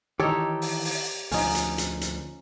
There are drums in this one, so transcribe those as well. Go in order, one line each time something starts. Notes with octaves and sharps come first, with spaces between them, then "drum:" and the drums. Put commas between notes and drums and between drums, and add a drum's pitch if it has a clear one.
D#3 E3 D#4 G4 A4 C#5
drum: open hi-hat
drum: open hi-hat
D2 F3 C#4 D#4, drum: open hi-hat
drum: hi-hat
drum: hi-hat
drum: hi-hat